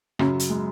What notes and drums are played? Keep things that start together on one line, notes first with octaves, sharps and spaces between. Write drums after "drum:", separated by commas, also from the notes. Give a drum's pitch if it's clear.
F#2 C#3 F#3 C#4, drum: rim click
drum: hi-hat
G#3